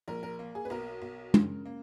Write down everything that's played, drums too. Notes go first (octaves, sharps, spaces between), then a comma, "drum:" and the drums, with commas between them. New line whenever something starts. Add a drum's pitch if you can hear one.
A#1 A#4
A#4
A#3
G#4
B4
B1 A#4
B1
C#3, drum: tom
A#3